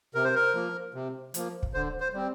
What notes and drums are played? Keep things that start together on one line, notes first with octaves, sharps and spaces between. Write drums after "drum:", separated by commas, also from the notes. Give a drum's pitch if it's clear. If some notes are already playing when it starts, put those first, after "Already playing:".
C3 A#4
C5
A#4
F3 A#3
C3
F3 A#3, drum: hi-hat
drum: kick
D3 C5
C5
G3 C4